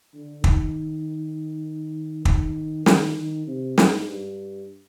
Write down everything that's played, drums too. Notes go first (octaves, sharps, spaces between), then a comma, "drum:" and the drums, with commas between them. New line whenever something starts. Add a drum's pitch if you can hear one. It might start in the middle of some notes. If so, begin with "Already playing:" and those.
D3
D#3, drum: kick
D#3, drum: kick
D#3, drum: snare
D#3
C3
G#2, drum: snare
G2